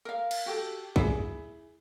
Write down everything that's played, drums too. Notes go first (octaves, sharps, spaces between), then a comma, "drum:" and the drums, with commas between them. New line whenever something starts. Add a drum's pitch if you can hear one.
A#4 F5
drum: cymbal
F#4 G4 A4
E4 G#4, drum: kick